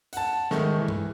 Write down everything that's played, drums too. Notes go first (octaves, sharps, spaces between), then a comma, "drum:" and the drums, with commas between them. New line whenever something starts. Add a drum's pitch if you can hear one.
F#5 A5, drum: hi-hat
G#2 D#3 G#3 A3 C#6, drum: snare
E3
drum: tom G2